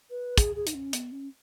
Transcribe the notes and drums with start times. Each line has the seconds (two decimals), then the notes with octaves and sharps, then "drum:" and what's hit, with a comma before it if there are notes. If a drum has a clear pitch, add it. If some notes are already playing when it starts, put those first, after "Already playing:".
0.10 B4
0.38 G#4, drum: kick, hi-hat
0.56 G#4
0.67 D#4, drum: hi-hat
0.75 C#4
0.93 B3, drum: hi-hat
1.12 C#4